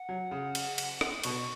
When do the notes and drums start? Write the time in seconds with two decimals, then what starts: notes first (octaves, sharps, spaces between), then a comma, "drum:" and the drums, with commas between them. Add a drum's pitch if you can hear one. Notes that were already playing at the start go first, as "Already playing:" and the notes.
Already playing: F#5
0.09 F#3
0.31 C#3
0.55 drum: cymbal
0.78 drum: cymbal
1.01 drum: rim click
1.24 B2 C#6, drum: cymbal